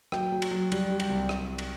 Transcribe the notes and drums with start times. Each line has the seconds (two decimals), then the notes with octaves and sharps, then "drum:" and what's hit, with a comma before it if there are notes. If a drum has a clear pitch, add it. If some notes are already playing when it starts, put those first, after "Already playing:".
0.12 F#3 G5, drum: rim click
0.32 F#3
0.42 drum: cymbal
0.51 F#3
0.72 G3, drum: cymbal
0.90 G3
1.00 G5, drum: cymbal
1.09 C2
1.29 drum: rim click
1.58 drum: cymbal